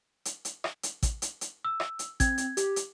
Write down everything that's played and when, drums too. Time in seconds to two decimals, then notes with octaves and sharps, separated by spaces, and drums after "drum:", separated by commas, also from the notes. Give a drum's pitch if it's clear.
0.25 drum: hi-hat
0.45 drum: hi-hat
0.64 drum: rim click
0.83 drum: hi-hat
1.03 drum: kick, hi-hat
1.22 drum: hi-hat
1.41 drum: hi-hat
1.65 E6
1.80 drum: rim click
1.99 drum: hi-hat
2.20 C4 G#6, drum: kick, hi-hat
2.38 drum: hi-hat
2.57 G4, drum: hi-hat
2.76 drum: hi-hat